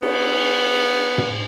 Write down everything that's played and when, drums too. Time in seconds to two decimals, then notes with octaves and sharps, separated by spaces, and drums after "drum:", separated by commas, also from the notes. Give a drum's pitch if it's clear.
0.02 B3, drum: cymbal
1.18 drum: tom